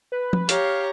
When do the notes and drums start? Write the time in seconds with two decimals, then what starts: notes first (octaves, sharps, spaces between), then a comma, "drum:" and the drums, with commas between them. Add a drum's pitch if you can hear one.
0.12 B4
0.33 drum: tom
0.49 G4 C#5 F5 A#5, drum: hi-hat